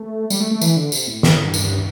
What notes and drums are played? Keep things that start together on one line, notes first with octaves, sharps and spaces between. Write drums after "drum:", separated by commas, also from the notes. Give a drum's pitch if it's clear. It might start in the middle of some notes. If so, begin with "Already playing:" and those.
Already playing: A3
G3, drum: tambourine
A3
A3
E3, drum: tambourine
D3
C3, drum: tambourine
A2
G2, drum: snare
A2
G2
drum: tambourine